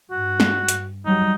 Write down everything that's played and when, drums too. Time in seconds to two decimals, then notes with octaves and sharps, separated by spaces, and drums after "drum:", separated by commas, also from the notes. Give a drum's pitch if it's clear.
0.11 G2 F#4
0.40 drum: snare
0.68 drum: hi-hat
1.06 F#3 G3 D#4